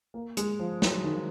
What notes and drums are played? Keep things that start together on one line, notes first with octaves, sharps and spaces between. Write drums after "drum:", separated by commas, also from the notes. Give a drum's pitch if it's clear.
A#3
G#3, drum: hi-hat
F3
F#3, drum: snare
D#3